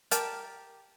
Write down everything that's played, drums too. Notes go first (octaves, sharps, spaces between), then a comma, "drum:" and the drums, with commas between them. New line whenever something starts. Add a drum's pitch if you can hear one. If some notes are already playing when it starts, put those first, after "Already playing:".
G4 A#4 A5, drum: hi-hat